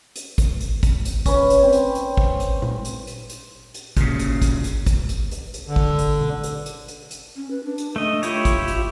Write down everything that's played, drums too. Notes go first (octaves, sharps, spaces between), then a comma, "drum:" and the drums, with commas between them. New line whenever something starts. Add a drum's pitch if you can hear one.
drum: hi-hat
drum: kick, hi-hat
drum: hi-hat
drum: kick, hi-hat
drum: hi-hat
C#4 B4, drum: kick, hi-hat
drum: hi-hat
C4
drum: hi-hat
drum: hi-hat
drum: kick
drum: hi-hat
drum: tom A#2
drum: hi-hat
drum: hi-hat
drum: hi-hat
drum: hi-hat
A#2 C#3, drum: kick, hi-hat
drum: hi-hat
drum: kick, hi-hat
drum: hi-hat
drum: kick, hi-hat
drum: hi-hat
drum: hi-hat
drum: hi-hat
D3
drum: kick
drum: hi-hat
drum: tom B2
drum: hi-hat
drum: hi-hat
drum: hi-hat
drum: hi-hat
C#4
B4
D4
drum: hi-hat
A3 D#5
E4 F4 G4 C#5, drum: hi-hat
drum: kick, hi-hat
drum: hi-hat